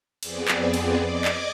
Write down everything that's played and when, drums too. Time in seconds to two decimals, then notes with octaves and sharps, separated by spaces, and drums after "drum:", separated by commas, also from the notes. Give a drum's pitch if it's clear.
0.23 F2 B3 C4 G#4 D5, drum: cymbal
0.48 drum: clap
0.74 drum: cymbal
1.01 D5 D#5 D6 G#6
1.25 drum: clap